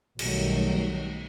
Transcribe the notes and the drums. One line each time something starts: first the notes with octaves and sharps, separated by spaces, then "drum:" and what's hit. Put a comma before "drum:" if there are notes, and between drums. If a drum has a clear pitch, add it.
B1 B2 D#3 F#3 G3 A3, drum: cymbal